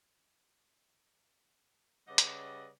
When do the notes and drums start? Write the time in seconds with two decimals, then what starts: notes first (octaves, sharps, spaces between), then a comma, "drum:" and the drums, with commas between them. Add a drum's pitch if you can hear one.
2.08 C#3 G3 B4 D5 D#5 F#5
2.18 drum: hi-hat